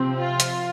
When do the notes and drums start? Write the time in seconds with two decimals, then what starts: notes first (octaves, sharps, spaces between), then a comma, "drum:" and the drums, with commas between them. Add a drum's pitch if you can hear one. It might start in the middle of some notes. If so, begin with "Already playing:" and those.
Already playing: C3 F3 C4
0.18 F4
0.40 drum: hi-hat